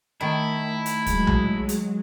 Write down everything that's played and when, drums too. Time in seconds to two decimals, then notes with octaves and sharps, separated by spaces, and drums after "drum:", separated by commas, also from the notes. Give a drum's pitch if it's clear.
0.21 D#3 A3 E4
0.86 drum: hi-hat
1.06 F#3 G#3, drum: kick, hi-hat
1.27 drum: tom B1
1.69 drum: hi-hat